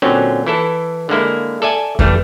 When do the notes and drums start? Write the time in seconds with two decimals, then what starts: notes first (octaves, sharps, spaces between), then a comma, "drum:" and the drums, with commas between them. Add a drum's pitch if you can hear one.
0.02 A#2 D3 F#3 C4 C#4
0.47 E3 E4 A4
1.09 D3 G#3 A#3 E4
1.62 A4 D5 E5 G#5
1.99 E3 G3 A3, drum: kick F2